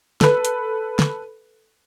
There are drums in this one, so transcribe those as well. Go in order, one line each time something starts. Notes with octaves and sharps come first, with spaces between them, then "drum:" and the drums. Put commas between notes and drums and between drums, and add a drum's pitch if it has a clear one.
A4 B4, drum: snare
drum: hi-hat
drum: snare